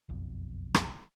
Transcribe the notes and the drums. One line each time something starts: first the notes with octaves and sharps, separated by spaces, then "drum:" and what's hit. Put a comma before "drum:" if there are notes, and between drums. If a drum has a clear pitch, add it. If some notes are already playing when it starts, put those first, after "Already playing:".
F#1 B1 F2
drum: rim click